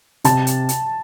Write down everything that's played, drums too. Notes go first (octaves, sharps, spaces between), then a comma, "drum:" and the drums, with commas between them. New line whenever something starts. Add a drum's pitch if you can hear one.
C3 A5, drum: hi-hat
drum: hi-hat
drum: hi-hat